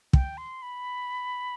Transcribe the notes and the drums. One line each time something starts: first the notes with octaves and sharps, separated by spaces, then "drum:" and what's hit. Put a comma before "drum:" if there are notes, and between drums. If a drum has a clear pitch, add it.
G5, drum: kick
C6
B5